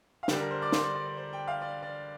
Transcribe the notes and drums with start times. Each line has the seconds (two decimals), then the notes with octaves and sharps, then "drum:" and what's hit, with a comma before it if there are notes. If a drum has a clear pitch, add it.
0.23 F5
0.28 D3 G3 D4 G4 G5, drum: snare
0.40 A#4 A#5
0.50 C5 C6
0.62 D5 D6
0.72 C5 C6, drum: snare
0.83 D5
0.95 D5
1.06 D5
1.17 C5
1.33 G5
1.48 F5
1.62 D5
1.83 D5